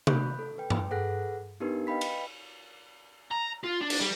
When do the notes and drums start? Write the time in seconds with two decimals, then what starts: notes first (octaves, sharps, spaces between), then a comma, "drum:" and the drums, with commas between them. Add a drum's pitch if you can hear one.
0.07 B5 F#6 G6, drum: tom C3
0.39 A4
0.58 B4 G5
0.70 drum: tom G2
0.91 G#4 A4 B4 F#5 F#6 A#6
1.60 B3 D4 D#4 G4 A#4 B4
1.87 B4 D#5 F5 G5 B5 B6
2.01 drum: cymbal
3.31 A#5
3.63 F4
3.81 D4
3.90 drum: cymbal
4.00 G3